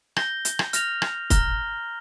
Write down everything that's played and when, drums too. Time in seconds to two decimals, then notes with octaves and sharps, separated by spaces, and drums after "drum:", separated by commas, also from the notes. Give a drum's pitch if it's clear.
0.16 G6 A#6 G7, drum: rim click
0.45 drum: hi-hat
0.59 drum: rim click
0.73 F6 A#6 F7, drum: hi-hat
1.02 drum: rim click
1.30 A#5 F6 A#6 G7, drum: kick, hi-hat